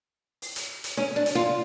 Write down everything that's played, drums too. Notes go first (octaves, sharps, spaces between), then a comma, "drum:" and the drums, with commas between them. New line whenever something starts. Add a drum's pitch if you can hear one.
drum: open hi-hat
drum: hi-hat
drum: hi-hat
C#4, drum: snare
D4
drum: hi-hat
F4